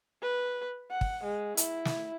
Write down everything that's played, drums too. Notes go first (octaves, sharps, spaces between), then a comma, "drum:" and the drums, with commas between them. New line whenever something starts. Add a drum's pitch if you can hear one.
B4
F#5
drum: kick
G#3
E4, drum: hi-hat
drum: snare